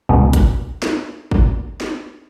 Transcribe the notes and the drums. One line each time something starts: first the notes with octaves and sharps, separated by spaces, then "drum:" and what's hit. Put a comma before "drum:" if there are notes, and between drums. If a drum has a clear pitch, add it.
C#2 B2 G#3
drum: kick, hi-hat
drum: snare
drum: kick
drum: snare